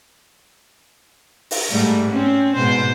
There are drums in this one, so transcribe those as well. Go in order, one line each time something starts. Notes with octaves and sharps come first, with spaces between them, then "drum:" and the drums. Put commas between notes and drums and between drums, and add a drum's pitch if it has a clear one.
drum: open hi-hat
G#2 G3 A3
C4 C#4
G#2 B2 C5